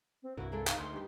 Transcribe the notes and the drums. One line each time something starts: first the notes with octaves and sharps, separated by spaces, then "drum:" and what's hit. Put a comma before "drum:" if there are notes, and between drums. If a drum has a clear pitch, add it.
C4
C2 G2 E4 F#4 A#4
G#3 A#3 D4 A4
D#4 F5, drum: clap
D2 C6
G2 G4